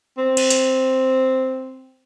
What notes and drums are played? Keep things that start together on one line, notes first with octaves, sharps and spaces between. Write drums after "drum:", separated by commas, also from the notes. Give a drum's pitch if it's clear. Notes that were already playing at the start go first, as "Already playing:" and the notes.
C4
drum: cymbal
drum: hi-hat